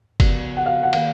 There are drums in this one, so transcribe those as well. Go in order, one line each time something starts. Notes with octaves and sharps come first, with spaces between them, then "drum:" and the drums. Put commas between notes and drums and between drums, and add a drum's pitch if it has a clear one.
C#3 F3 B3 F#4, drum: kick F#1, cymbal
F#5
F5
F#5
D#3 A#3 F5, drum: cymbal